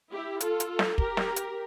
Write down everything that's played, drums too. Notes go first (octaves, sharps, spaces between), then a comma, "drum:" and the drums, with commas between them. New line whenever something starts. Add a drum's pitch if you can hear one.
E4 G4
F4 A4, drum: hi-hat
drum: hi-hat
drum: snare
G4 A#4, drum: kick
drum: snare
drum: hi-hat